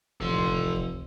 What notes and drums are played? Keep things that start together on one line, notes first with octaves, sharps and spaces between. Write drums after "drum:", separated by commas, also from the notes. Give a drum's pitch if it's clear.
F1 A4 C6, drum: kick C#2
drum: kick C#2
drum: kick C#2